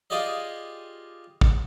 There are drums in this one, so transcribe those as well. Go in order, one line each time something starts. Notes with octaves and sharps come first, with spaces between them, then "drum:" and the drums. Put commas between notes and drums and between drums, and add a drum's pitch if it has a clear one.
F4 G4 G#4 D5 D#5
drum: kick